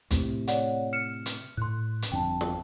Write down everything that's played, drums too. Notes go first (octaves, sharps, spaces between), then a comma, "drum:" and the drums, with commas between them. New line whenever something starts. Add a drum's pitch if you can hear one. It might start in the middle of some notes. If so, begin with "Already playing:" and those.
A2 C3, drum: kick, hi-hat
C#5 D5 F#5, drum: hi-hat
F6 C#7 E7
drum: hi-hat
A2 C6 F#6
drum: hi-hat
G1 F2 D4 G5 A5
drum: snare